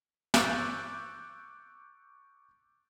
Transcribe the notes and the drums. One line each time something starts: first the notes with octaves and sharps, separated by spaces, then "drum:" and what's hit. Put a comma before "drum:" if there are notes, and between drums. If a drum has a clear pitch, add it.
C#6 D6 E6 F#6 G6 A6, drum: snare